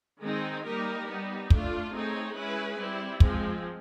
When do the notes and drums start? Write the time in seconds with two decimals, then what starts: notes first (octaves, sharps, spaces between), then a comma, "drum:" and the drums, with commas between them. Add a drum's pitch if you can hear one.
0.21 D#3 G#3 C4 D#4
0.64 G3 A#3 D#4 G4 A#4
1.07 G3 B3 D#4
1.50 A3 D4 F4, drum: kick
1.93 A3 C4 D#4 G#4 C#5
2.35 G#3 C#4 E4 G#4 B4
2.78 G3 C4 E4
3.20 F3 G#3 C4, drum: kick